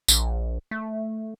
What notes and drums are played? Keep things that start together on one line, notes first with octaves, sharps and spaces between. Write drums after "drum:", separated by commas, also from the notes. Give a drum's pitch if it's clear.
A#1, drum: tambourine
A3